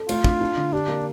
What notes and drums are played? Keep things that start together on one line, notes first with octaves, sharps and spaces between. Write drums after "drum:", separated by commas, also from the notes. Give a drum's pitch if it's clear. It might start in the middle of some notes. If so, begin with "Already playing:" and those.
Already playing: A4
A3 F4, drum: cymbal
D4, drum: kick
D4
D3
D4 G4
A#3